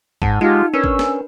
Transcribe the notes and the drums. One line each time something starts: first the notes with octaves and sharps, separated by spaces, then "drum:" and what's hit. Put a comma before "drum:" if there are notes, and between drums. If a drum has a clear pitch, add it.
G#2 F#5 A5, drum: kick G#1
G#3 D#4 F4 G4
C#4 D4 A#4 B4 E6
drum: kick G#1
drum: snare